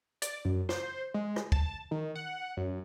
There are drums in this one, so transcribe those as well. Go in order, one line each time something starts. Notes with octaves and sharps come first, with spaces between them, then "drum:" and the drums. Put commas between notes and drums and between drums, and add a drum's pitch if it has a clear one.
D5, drum: hi-hat
F#2
C5, drum: snare
G#3
drum: rim click
A5, drum: kick
D#3
F#5
F#2